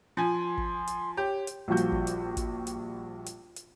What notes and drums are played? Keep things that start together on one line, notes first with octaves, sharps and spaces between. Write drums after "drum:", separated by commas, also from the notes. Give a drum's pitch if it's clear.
F3 G#5 C6
drum: kick
drum: hi-hat
G4 C#5
drum: hi-hat
A#1 F3 G3 F#4 G6
drum: hi-hat
drum: kick
drum: hi-hat
drum: kick, hi-hat
drum: hi-hat
drum: hi-hat
drum: hi-hat